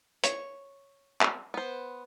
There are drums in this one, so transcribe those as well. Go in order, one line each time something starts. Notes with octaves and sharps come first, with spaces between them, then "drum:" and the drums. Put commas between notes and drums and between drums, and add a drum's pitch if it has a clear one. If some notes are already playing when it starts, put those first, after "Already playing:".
C#5, drum: hi-hat
drum: clap
B3 C5